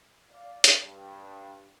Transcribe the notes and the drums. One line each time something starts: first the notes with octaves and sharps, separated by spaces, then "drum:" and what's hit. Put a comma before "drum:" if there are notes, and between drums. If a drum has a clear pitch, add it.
D5 F5
drum: hi-hat
G2